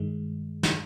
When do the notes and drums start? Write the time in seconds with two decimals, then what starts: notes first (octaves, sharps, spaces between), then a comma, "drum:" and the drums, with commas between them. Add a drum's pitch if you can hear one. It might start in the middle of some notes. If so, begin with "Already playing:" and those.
Already playing: G2 D#3 G#3
0.63 drum: snare